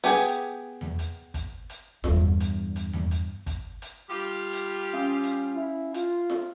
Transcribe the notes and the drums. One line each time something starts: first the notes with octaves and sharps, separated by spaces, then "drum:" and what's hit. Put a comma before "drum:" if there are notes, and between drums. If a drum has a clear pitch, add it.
B3 G4 G#4 G5 G#5
drum: hi-hat
drum: tom E2
drum: hi-hat
drum: kick, hi-hat
drum: hi-hat
E2 G2, drum: snare F4
drum: hi-hat
drum: hi-hat
drum: tom E2
drum: hi-hat
drum: kick, hi-hat
drum: hi-hat
G3 F4 G4 D6
drum: hi-hat
C#4 F5
drum: hi-hat
E4
F4, drum: hi-hat
drum: snare F4